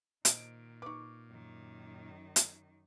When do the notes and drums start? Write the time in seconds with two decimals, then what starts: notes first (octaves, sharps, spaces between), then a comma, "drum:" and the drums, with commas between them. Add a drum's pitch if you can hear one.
0.25 A#2 D#3 C5 D#5 D7, drum: hi-hat
0.82 D#4 B4 C#6 D6
1.28 F#2 D#3
2.36 drum: hi-hat